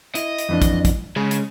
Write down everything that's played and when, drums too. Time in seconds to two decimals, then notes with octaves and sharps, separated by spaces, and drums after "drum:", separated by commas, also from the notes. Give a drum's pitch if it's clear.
0.15 E4 D#5, drum: hi-hat
0.38 drum: hi-hat
0.49 F2 E3 D4
0.62 drum: kick, hi-hat
0.85 drum: kick, hi-hat
1.16 C#3 G#3
1.31 drum: hi-hat